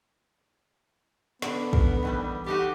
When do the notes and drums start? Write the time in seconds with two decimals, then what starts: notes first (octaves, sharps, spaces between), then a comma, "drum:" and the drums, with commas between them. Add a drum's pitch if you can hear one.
1.42 D3 B3, drum: snare
1.73 A#4, drum: kick
2.03 D#3 E3 G3
2.46 A3 D#4 F#4 G4